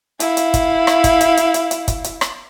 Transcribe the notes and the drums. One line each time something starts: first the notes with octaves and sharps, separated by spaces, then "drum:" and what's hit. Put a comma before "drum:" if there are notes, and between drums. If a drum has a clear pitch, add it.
E4 F5, drum: hi-hat
drum: hi-hat
drum: kick, hi-hat
drum: rim click
drum: kick, hi-hat
drum: hi-hat
drum: hi-hat
drum: hi-hat
drum: hi-hat
drum: kick, hi-hat
drum: hi-hat
drum: rim click